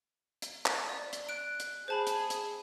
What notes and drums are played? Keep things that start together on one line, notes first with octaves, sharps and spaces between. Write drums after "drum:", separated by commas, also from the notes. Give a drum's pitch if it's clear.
drum: hi-hat
drum: clap
D5
drum: hi-hat
F#6 D7
drum: hi-hat
G#4 C5 A5 B5
drum: hi-hat
drum: hi-hat